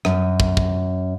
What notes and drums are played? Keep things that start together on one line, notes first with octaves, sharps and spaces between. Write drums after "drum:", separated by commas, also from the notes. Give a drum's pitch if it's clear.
F#2, drum: rim click
drum: kick
drum: kick